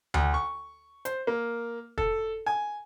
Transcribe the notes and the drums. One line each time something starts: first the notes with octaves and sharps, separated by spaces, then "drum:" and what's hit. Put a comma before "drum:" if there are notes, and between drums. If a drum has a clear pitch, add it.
D2, drum: tom D2
C#6
C5, drum: hi-hat
A#3
A4, drum: kick
G#5